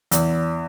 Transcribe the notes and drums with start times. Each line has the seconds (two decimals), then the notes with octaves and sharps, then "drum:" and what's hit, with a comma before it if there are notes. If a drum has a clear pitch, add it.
0.11 E2, drum: hi-hat